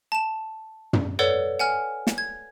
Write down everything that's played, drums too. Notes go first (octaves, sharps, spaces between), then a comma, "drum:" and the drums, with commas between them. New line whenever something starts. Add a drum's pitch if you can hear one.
A5 E7
drum: tom
A4 B4 C#5 D5 F#5
F#5 G#5 F6
drum: snare
G#6